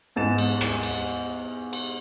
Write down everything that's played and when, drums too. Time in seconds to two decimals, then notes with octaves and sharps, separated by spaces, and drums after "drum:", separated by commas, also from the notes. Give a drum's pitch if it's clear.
0.16 E2 G#2 A6 E7
0.38 drum: cymbal
0.61 drum: rim click
0.83 drum: cymbal
1.73 drum: cymbal